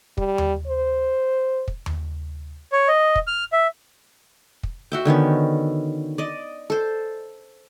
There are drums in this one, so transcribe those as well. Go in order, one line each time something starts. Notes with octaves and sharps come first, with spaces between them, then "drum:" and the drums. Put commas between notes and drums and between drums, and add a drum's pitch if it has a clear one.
G3, drum: kick
drum: tom D#2
C5
drum: kick
drum: tom D#2
C#5
D#5
drum: kick
F6
E5
drum: kick
F#4 E5 G5
D3 D#3 B3 C#4
D5 D#5
A4 C5